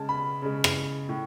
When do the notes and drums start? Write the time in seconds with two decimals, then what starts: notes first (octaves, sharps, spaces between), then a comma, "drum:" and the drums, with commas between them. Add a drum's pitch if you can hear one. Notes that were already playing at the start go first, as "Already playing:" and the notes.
Already playing: C#3 G#3 A5
0.09 B5
0.42 C#3 G#3
0.64 drum: rim click
1.09 A2